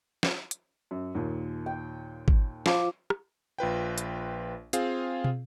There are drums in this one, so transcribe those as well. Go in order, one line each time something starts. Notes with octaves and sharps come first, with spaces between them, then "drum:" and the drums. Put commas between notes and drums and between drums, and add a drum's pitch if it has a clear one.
drum: snare
drum: hi-hat
F#2
D#2 A#2
G5
drum: kick
F3 A5 D6, drum: snare
drum: rim click
A#1 F4 B4 G5
drum: hi-hat
C4 F4 G#4 F5, drum: hi-hat
drum: tom